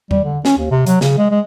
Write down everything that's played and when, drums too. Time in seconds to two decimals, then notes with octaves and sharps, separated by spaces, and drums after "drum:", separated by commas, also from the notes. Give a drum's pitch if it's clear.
0.11 G3, drum: tom E2
0.24 D3
0.45 C#4, drum: snare
0.58 D#2
0.71 C3
0.86 F#3, drum: hi-hat
1.01 C#3, drum: snare
1.17 G#3
1.31 G#3